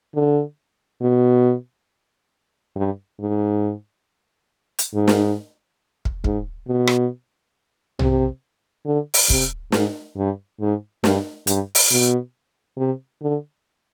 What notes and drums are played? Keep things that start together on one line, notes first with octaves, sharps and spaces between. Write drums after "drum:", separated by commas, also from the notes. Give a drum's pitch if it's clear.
D3
B2
G2
G#2
drum: hi-hat
G#2
drum: snare
drum: kick
G#2, drum: kick
B2
drum: rim click
C3, drum: tom B1
D3
drum: open hi-hat
C3, drum: kick
G#2, drum: snare
G2
G#2
G2, drum: snare
G2, drum: hi-hat
drum: open hi-hat
B2
C3
D3